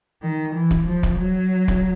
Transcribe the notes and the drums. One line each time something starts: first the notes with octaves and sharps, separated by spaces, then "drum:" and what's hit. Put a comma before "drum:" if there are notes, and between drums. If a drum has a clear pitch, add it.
D#3
E3
drum: kick
F3
drum: kick
F#3
drum: kick